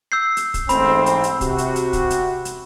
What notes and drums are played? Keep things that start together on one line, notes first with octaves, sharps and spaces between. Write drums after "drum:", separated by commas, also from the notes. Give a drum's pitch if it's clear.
E6 G6 C7
drum: hi-hat
drum: kick, hi-hat
A1 G#2 C4 B5, drum: hi-hat
drum: hi-hat
drum: hi-hat
C3 F#4, drum: kick, hi-hat
drum: hi-hat
drum: hi-hat
drum: kick, hi-hat
drum: hi-hat
drum: hi-hat